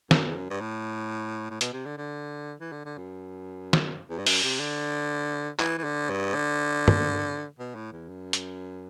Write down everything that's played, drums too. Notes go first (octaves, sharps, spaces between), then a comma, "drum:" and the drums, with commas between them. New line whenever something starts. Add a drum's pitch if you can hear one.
F#2, drum: snare
E2
F#2
G2
A2
A2
B2, drum: hi-hat
C3
D3
D3
E3
D3
D3
F#2
drum: snare
E2
G2
F#2, drum: open hi-hat
C3
D3
E3, drum: clap
E3
D3
G2
D3
drum: tom
B2
A2
E2
F#2
drum: hi-hat